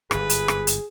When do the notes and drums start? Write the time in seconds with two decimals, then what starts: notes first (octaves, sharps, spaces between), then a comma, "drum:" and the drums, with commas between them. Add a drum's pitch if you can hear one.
0.11 G1 G#2 G#4 B4, drum: rim click
0.30 drum: hi-hat
0.48 drum: rim click
0.67 drum: hi-hat